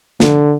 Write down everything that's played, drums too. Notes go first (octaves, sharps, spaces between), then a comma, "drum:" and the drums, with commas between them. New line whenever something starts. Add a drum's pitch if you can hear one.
D3, drum: snare